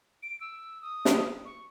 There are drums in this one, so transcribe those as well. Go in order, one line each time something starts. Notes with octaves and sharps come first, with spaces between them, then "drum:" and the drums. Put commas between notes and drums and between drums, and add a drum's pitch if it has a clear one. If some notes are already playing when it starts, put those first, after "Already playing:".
D7
E6
D#6
drum: snare
C#6